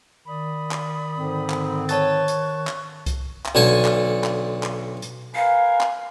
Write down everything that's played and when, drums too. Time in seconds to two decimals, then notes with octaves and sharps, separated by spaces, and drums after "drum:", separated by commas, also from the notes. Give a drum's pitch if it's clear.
0.27 D#3 D5 B5 D#6
0.71 drum: clap
1.17 G#2 D3 C4
1.50 drum: clap
1.89 C#5 A5 C#6 F#6 A6, drum: hi-hat
2.28 drum: hi-hat
2.67 drum: clap
3.06 drum: kick C2, hi-hat
3.46 drum: clap
3.55 B1 D3 G#5 A5
3.85 drum: clap
4.24 drum: clap
4.63 drum: clap
5.02 drum: hi-hat
5.35 A#4 B4 F5 G#5
5.81 drum: clap